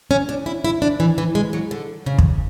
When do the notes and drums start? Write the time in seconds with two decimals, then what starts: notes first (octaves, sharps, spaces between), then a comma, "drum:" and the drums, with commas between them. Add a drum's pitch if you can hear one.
0.11 C#4
0.29 D4
0.46 E4
0.64 E4
0.82 D4
1.00 E3
1.18 E3
1.35 G#3
1.53 F#3
1.71 D3
2.06 C#3
2.18 drum: kick